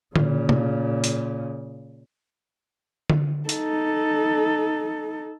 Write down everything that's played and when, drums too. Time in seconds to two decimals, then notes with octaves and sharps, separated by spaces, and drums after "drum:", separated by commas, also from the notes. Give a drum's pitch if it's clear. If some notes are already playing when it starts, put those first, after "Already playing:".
0.16 A#2 C#3, drum: tom D3
0.49 drum: tom C3
1.04 drum: hi-hat
3.10 drum: tom D3
3.49 D#4 A4, drum: hi-hat